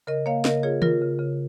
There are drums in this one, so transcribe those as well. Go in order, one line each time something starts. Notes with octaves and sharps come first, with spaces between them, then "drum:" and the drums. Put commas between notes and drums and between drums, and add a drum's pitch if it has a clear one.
C#3 A#4 D#5
A#3 C#5 F5
C#3 A#4 D#5, drum: snare
F4 G#4 C#5
F4 A#4, drum: tom D#3
C#3
C#3